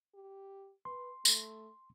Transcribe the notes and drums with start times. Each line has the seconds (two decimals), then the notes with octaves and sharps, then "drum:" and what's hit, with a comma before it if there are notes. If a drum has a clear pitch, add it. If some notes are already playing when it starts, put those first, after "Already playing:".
0.14 G4
0.85 B4 C6
1.25 A3, drum: tambourine